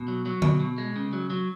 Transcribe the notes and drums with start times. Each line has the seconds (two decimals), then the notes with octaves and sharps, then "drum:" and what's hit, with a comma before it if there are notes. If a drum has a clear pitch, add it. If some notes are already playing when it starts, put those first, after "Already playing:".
Already playing: B2
0.08 F#3
0.26 F#3
0.42 B2, drum: tom D3
0.60 B2
0.78 G#3
0.96 C#3
1.13 F#3
1.30 F#3